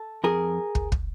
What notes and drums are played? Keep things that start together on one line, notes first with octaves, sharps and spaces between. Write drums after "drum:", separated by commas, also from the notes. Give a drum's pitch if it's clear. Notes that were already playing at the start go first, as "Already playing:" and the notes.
Already playing: A4
F2 G#4 A#4
drum: kick
drum: kick